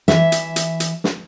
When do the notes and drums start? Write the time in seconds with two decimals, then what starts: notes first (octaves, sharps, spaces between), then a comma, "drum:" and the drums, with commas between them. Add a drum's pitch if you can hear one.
0.08 E3 E5, drum: snare
0.32 drum: hi-hat
0.56 drum: hi-hat
0.80 drum: hi-hat
1.04 drum: snare